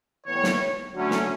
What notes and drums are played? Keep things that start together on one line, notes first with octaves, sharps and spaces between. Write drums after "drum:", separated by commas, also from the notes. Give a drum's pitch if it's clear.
A2 E3 G3 B3 C#5
drum: snare
D3 F#3 A3 C#4
drum: snare